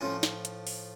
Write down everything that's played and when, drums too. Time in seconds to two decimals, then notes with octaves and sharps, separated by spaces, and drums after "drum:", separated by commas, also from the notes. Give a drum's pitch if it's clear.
0.01 A2 F3 C#4 F4
0.23 drum: snare
0.45 drum: hi-hat
0.67 drum: open hi-hat